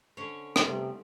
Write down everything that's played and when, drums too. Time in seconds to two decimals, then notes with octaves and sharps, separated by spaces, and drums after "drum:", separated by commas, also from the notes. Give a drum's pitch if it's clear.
0.17 D3 C#4 C5 C#5
0.56 drum: rim click
0.65 C3 G3 A3 B3 D#4 B4 C6